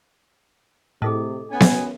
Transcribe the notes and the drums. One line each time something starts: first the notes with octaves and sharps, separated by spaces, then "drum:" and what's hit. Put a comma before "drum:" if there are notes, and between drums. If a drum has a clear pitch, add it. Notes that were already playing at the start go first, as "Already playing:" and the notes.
A2 C3 G#4 A4 D#5
B3 C#4 G#5
drum: snare B3